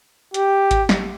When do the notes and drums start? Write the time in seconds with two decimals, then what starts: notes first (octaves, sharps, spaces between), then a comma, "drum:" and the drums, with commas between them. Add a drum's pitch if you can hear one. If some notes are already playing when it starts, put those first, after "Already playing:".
0.34 G4, drum: hi-hat
0.71 drum: kick G#1, hi-hat
0.89 drum: snare